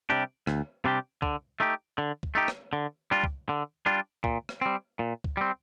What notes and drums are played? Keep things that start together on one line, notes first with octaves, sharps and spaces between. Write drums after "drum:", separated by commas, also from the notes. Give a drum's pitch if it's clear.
C3 G3 D4 G4
D2, drum: rim click
C3 G3 D4 G4
D3, drum: kick C#2
A3 D#4 G4
D3
drum: kick C#2
A3 D#4 G4
drum: rim click
D3
G3 D4 F4
drum: kick C#2
D3
G3 D4 F4
A#2, drum: kick C#2
drum: rim click
G3 C4
A#2
drum: kick C#2
G3 C4